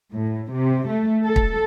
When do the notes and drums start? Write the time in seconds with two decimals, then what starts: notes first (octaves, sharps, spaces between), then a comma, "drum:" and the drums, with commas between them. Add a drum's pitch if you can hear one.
0.14 A2
0.53 C3
0.88 A3
1.24 A4
1.36 drum: kick